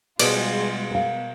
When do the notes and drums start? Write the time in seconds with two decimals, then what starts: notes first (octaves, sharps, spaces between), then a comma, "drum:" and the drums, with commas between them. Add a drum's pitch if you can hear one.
0.19 B2 G3 G#3 F4 D5, drum: cymbal
0.91 A#4 F5